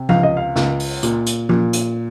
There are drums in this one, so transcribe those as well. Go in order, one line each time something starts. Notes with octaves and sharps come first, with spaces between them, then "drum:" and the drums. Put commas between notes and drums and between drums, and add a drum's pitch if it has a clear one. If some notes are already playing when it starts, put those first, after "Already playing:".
Already playing: C3
C#2 F5, drum: tom F3
D#5
F5
C#2, drum: snare
drum: open hi-hat
A#2, drum: hi-hat
drum: hi-hat
A#2, drum: tom F3
drum: hi-hat